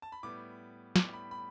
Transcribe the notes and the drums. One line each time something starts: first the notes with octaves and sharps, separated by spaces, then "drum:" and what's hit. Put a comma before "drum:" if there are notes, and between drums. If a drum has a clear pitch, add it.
A5
B5
A2 G3 B3 D6
A2 G3 B3 D6, drum: snare
B5
B5